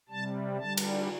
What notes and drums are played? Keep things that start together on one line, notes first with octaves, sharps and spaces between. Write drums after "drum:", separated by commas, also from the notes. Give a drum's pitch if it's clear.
C3 G3 A5
D3 G3 A5
drum: cymbal